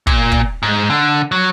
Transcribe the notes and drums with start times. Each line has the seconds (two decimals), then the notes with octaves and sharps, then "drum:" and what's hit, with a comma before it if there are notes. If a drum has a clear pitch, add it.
0.07 A#2, drum: kick
0.32 drum: kick
0.63 G#2
0.90 D3
1.32 F#3